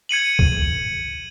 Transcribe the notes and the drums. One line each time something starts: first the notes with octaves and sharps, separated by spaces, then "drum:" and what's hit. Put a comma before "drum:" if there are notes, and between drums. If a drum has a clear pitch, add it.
G#6 C#7 D#7 F#7
drum: kick C2